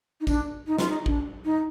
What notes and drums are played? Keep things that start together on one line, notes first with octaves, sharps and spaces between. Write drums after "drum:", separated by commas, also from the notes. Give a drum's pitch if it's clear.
D#4
D4, drum: kick, tambourine
D#4
F4, drum: snare
D#4
D4, drum: kick
D#4